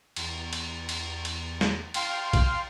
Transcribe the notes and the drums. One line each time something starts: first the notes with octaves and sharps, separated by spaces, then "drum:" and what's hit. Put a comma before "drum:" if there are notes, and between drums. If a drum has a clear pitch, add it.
E2, drum: cymbal
drum: cymbal
drum: cymbal
drum: cymbal
drum: snare
F5 G5 C6 F6 C7, drum: cymbal
drum: kick A#1, cymbal